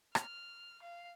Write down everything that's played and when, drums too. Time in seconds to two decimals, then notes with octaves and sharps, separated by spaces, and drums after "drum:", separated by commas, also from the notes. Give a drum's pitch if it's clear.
0.15 F6, drum: rim click
0.83 F5